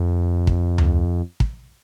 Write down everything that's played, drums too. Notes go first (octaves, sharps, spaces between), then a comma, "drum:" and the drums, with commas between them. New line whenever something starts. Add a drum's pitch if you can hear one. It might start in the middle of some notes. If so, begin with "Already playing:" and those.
Already playing: F2
drum: kick
drum: tom D2
drum: kick